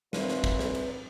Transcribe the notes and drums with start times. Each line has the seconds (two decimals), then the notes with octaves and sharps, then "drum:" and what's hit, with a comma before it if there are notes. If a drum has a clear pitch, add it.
0.13 F#2 A#2 C4 B4 C5, drum: snare
0.28 drum: snare
0.44 drum: kick, cymbal
0.59 drum: snare
0.75 drum: cymbal